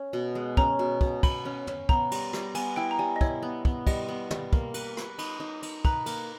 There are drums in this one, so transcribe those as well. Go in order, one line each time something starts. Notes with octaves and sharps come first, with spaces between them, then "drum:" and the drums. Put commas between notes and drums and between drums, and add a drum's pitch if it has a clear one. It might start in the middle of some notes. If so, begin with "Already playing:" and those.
Already playing: C#4
B2
G#3
C#4 A#5, drum: kick
B2
B2, drum: kick
B2 B5, drum: kick, cymbal
C#4
C#4, drum: tom
B3 A#5, drum: kick
G3, drum: cymbal
G3, drum: rim click
B3 G#5, drum: cymbal
E4 G5
A#5
G3 G#5
D#5
E4 C#5, drum: kick
B3
B3, drum: kick
G3 D#5, drum: kick, cymbal
B3
G3, drum: tom
A#3, drum: kick
B4, drum: cymbal
B4, drum: rim click
D#4 B5, drum: cymbal
D#4
D#4, drum: cymbal
B4 A#5, drum: kick
A#3, drum: cymbal